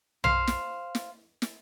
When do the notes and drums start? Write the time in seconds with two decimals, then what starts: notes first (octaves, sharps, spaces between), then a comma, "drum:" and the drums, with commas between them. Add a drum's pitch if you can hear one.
0.24 C5 F5, drum: tom B1
0.47 drum: snare
0.95 drum: snare
1.42 drum: snare